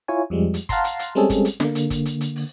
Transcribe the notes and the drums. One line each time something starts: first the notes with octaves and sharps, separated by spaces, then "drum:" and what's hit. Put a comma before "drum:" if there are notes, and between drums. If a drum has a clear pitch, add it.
E4 F4 C#5 G#5
F2 F3 G3 G#3
drum: hi-hat
F5 F#5 A5 A#5 C6, drum: kick G1, hi-hat
drum: hi-hat
drum: hi-hat
G3 G#3 C4 C#4 G#4 A4
drum: kick G1, hi-hat
drum: hi-hat
D3 A#3, drum: snare
drum: hi-hat
drum: kick G1, hi-hat
drum: hi-hat
drum: hi-hat
drum: open hi-hat